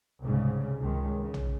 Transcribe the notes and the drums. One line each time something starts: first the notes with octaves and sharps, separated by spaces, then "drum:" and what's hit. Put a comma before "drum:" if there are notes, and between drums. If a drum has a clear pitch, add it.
C2 G#2 C#3
C#2 D#3 G#3
C#3
drum: tom